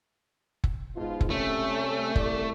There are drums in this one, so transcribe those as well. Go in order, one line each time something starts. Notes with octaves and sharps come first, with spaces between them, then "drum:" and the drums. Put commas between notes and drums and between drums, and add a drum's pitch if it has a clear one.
drum: kick
G#2 B2 F4
drum: kick
C3 G3 A3 C#4
C2 D5, drum: kick